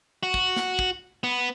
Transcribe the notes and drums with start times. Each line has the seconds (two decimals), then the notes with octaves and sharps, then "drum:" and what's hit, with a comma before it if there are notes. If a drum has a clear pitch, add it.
0.23 F#4
0.34 drum: kick
0.56 drum: snare
0.79 drum: kick
1.24 B3